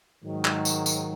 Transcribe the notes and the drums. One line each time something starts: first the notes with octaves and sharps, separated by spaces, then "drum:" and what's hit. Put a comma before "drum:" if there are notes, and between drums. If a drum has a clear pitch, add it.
G#2 D#3 F#3
drum: clap
drum: tambourine
drum: tambourine